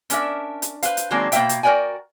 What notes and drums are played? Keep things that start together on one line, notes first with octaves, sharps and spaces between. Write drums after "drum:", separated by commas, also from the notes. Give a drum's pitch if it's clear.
C#4 D4 A#4 E5, drum: hi-hat
drum: hi-hat
B4 C5 F5, drum: hi-hat
drum: hi-hat
D#3 F#3 G#3 A#3 C4 D4
B2 A#3 C#4 C5 E5 G5, drum: hi-hat
drum: hi-hat
F#4 A#4 B4 D5 G5 G#5